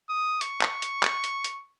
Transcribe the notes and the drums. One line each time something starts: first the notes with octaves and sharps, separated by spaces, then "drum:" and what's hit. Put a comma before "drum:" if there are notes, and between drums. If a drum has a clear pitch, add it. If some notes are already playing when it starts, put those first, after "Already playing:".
D#6
C#6, drum: hi-hat
drum: clap
drum: hi-hat
drum: clap
drum: hi-hat
drum: hi-hat